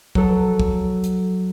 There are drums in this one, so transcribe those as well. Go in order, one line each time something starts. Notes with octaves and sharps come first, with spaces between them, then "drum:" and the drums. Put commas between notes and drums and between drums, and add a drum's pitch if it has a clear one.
F#3 A4, drum: kick
drum: kick
drum: hi-hat